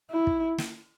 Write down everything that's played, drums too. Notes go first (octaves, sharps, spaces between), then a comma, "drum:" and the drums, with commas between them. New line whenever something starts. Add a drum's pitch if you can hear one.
E4
drum: kick
drum: snare